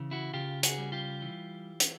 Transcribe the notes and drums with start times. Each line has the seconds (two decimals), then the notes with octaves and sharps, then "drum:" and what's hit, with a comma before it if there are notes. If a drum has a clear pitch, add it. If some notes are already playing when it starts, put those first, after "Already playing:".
Already playing: C#3 E3
0.11 E4 F#4
0.34 C#3 F4 G4
0.63 F#4 G#4, drum: hi-hat
0.78 G3
0.92 F4 G4
1.22 E3
1.80 drum: hi-hat